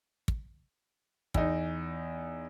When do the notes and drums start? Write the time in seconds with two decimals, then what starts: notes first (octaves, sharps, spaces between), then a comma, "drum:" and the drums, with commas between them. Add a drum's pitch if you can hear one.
0.28 drum: kick
1.34 E2 D#4, drum: kick